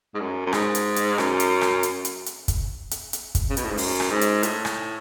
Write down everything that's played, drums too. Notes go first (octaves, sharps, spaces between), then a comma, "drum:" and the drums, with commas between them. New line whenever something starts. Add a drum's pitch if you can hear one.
G#2
F#2
F#2
G#2, drum: rim click
drum: hi-hat
drum: hi-hat
F#2, drum: rim click
drum: hi-hat
drum: rim click
drum: hi-hat
drum: hi-hat
drum: hi-hat
drum: kick, hi-hat
drum: hi-hat
drum: hi-hat
drum: kick, hi-hat
C#3
B2, drum: hi-hat
A2
G#2
F#2, drum: open hi-hat
drum: rim click
G#2
drum: hi-hat
A2, drum: hi-hat
drum: rim click